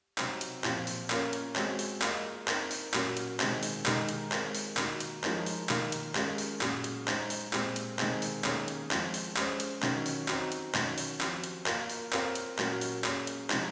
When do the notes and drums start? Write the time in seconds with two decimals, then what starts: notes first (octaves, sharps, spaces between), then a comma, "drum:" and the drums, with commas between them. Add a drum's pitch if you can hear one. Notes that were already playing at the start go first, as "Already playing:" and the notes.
0.18 C3 F#3 C4 D#4, drum: clap
0.41 drum: hi-hat
0.64 A#2 F3 C4 F4, drum: clap
0.87 drum: open hi-hat
1.10 A#3 C#4 F4 A#4 C#5, drum: clap
1.33 drum: hi-hat
1.56 G#3 C4 F#4 C#5, drum: clap
1.79 drum: open hi-hat
2.02 A#3 F4 G#4 D#5, drum: clap
2.48 C4 D#4 A#4 D#5, drum: clap
2.71 drum: open hi-hat
2.94 A#2 F#3 C#4 F#4 A#4, drum: clap
3.17 drum: hi-hat
3.40 D#3 G#3 C4, drum: clap
3.63 drum: open hi-hat
3.86 D#3 G#3 D#4 A#4, drum: clap
4.09 drum: hi-hat
4.32 G#3 C4 F4 A#4 C#5, drum: clap
4.55 drum: open hi-hat
4.77 D#3 A#3 D#4 F#4, drum: clap
5.00 drum: hi-hat
5.24 F3 G#3 D#4 A#4 C#5, drum: clap
5.46 drum: open hi-hat
5.69 D#3 A#3 F4, drum: clap
5.92 drum: hi-hat
6.15 G#3 C#4 F4 A#4, drum: clap
6.38 drum: open hi-hat
6.61 A#2 F#3 C#4 G#4 C#5, drum: clap
6.84 drum: hi-hat
7.08 G#3 D#4 G#4 C5, drum: clap
7.30 drum: open hi-hat
7.53 A#2 G#3 C4, drum: clap
7.76 drum: hi-hat
7.99 D#3 G#3 C4, drum: clap
8.22 drum: open hi-hat
8.44 D#3 A#3 C#4 G#4 C#5, drum: clap
8.68 drum: hi-hat
8.91 F3 G#3 C4 F4, drum: clap
9.14 drum: open hi-hat
9.37 G#3 C#4 G#4 C5, drum: clap
9.60 drum: hi-hat
9.83 D#3 F#3 C#4, drum: clap
10.06 drum: open hi-hat
10.28 C4 D#4 F#4, drum: clap
10.52 drum: hi-hat
10.75 D#3 F#3 C#4, drum: clap
10.98 drum: open hi-hat
11.21 F3 C4 F#4, drum: clap
11.44 drum: hi-hat
11.66 A#3 F4 A#4, drum: clap
11.90 drum: open hi-hat
12.13 C4 F4 A#4 C#5, drum: clap
12.35 drum: hi-hat
12.59 A#2 F#3 C#4 F#4 A#4, drum: clap
12.81 drum: open hi-hat
13.04 A#3 C#4 G#4 C#5, drum: clap
13.27 drum: hi-hat
13.50 C3 F3 G#3 D#4, drum: clap